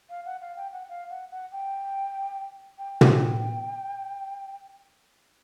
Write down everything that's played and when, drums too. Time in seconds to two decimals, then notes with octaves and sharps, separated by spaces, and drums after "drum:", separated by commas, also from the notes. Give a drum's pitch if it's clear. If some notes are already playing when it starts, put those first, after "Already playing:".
0.09 F5
0.25 F#5
0.41 F5
0.56 G5
0.72 F#5
0.89 F5
1.10 F#5
1.31 F#5
1.52 G5
2.78 G5
3.01 drum: tom